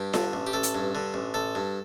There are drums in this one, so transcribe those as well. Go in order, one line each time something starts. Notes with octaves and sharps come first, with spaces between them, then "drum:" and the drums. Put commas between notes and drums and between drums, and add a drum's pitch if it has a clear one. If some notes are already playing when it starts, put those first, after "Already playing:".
Already playing: G2 G4
D3, drum: snare F4
A1
G4
A1 A4
drum: hi-hat
G2
D3
A1
A1 A4
G2